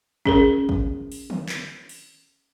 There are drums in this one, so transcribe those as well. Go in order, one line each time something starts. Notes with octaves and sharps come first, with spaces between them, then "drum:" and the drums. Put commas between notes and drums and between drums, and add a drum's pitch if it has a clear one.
C#4 G#4 A#4, drum: kick
drum: kick
drum: open hi-hat
drum: tom D3
drum: clap
drum: open hi-hat